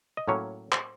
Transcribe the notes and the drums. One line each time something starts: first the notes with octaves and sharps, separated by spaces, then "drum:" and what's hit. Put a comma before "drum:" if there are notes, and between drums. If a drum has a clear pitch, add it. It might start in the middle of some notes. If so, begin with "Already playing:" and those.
D#5
A2 F#3 A#3 C#4 C#5
C5, drum: clap